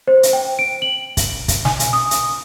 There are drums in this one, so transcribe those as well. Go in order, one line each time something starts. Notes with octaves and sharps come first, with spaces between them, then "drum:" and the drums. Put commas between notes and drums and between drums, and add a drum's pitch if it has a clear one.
C5
drum: hi-hat
G5
D7
F#7
drum: kick, hi-hat
drum: kick, hi-hat
G#5, drum: snare
drum: hi-hat
D#6
drum: hi-hat